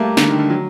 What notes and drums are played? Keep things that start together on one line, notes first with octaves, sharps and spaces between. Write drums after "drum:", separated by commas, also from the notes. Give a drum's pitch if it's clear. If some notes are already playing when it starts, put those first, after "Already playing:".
Already playing: G3 A3 A#3
D3, drum: snare
D#3
D3
F#3